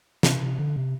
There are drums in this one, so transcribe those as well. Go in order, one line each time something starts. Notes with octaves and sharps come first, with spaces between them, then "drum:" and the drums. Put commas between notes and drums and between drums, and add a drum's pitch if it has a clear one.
C3, drum: snare
C3
D3
C3